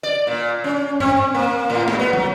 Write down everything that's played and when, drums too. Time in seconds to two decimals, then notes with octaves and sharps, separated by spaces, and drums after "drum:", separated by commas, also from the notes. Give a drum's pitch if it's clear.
0.03 D5
0.27 A#2
0.64 C#4
1.00 C4, drum: tom G2
1.34 A#3
1.70 A2
1.88 G#2, drum: snare
1.99 B3
2.13 F#3, drum: tom